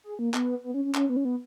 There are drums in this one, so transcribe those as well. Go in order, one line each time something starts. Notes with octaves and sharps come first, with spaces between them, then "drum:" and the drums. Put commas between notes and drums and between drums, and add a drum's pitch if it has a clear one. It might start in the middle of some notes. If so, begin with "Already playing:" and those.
G#4
A#3
B3, drum: clap
B3
C#4
C#4
C#4, drum: clap
B3
C#4
B3